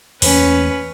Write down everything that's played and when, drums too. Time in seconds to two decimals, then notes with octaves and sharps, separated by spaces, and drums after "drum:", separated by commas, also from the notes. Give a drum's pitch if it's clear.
0.22 E2 A3 A#3 C#4 B4, drum: open hi-hat